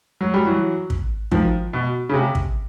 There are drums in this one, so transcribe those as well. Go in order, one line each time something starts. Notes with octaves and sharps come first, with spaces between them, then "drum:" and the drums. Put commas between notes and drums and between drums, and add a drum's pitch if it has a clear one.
F#3
G3
E3 F#3
drum: kick
D#3 F3, drum: kick
B2
C#3
C3
drum: kick